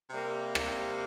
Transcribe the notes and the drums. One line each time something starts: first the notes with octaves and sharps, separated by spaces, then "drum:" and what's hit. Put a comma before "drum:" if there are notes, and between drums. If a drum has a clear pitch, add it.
C3 G3 A#3
drum: rim click